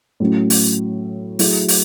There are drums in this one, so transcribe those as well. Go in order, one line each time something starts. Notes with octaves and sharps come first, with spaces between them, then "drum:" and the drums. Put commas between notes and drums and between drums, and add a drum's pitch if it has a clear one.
A2 F#3 C#4
drum: open hi-hat
F#3 A3 E4 G#4, drum: open hi-hat
drum: open hi-hat